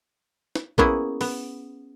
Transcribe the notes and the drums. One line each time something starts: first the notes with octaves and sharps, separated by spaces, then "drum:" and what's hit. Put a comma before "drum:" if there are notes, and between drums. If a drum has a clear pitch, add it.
drum: snare
A#3 B3 C#4 E4 G#4, drum: kick A#1
B3, drum: open hi-hat